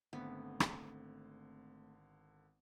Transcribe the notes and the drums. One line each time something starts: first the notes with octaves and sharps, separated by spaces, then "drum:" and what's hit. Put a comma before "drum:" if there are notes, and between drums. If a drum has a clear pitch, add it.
G#1 D3 A3 B3 C4
drum: rim click